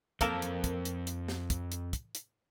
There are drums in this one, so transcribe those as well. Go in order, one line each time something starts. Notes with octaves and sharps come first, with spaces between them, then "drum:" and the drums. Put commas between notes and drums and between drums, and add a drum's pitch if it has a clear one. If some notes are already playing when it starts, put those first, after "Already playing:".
F2 A#3 C4 A4 A#4 A5, drum: kick, hi-hat
drum: hi-hat
drum: kick, hi-hat
drum: hi-hat
drum: hi-hat
drum: snare
drum: kick, hi-hat
drum: hi-hat
drum: kick, hi-hat
drum: hi-hat